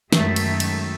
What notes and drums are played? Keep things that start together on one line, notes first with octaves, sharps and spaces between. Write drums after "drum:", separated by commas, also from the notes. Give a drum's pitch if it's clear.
F#2 D#3 G#3 A3 E5, drum: snare
drum: cymbal
drum: cymbal